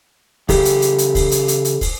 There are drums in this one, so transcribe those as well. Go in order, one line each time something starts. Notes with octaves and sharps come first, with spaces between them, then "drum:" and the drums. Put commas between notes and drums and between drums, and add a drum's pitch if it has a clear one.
C#3 G4 A4, drum: kick, open hi-hat
drum: hi-hat
drum: hi-hat
drum: hi-hat
drum: kick, open hi-hat
drum: hi-hat
drum: hi-hat
drum: hi-hat
drum: kick, open hi-hat